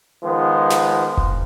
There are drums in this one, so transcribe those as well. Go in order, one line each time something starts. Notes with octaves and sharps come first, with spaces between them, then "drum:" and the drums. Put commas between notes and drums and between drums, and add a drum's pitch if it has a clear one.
D#3 F3 G#3 B3
drum: snare
drum: kick F1